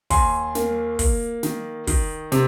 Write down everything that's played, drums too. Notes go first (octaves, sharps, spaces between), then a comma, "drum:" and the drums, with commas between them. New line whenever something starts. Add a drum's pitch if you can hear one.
D#2 G#5 C6, drum: kick, open hi-hat
A#3, drum: snare
A#3, drum: kick, open hi-hat
D#3, drum: snare
D#3, drum: kick, open hi-hat
C3, drum: snare